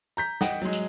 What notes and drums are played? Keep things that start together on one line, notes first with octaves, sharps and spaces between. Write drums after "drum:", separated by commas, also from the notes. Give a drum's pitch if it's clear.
A#5 G6 B6
D#5 F#5 G5, drum: snare
F#3 G#3
drum: hi-hat